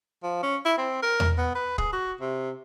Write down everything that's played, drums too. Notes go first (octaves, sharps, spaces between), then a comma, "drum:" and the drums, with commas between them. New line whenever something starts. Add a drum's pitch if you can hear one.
F3
C#4
E4
C4
A#4
drum: tom E2
B3
B4
G#4, drum: kick
F#4
C3